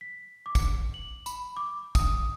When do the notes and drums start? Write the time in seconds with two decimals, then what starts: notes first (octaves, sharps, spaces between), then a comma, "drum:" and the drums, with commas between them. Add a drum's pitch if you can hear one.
0.01 B6
0.46 D6
0.55 drum: kick, tambourine
0.94 F#7
1.26 B5, drum: tambourine
1.57 D6
1.95 D#6, drum: kick, tambourine